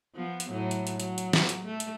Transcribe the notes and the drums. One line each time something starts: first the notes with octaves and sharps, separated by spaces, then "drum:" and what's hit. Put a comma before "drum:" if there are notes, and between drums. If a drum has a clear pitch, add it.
F3 B3
drum: hi-hat
A2 F#3
drum: hi-hat
drum: hi-hat
F#3, drum: hi-hat
drum: hi-hat
drum: snare
drum: hi-hat
A3
drum: hi-hat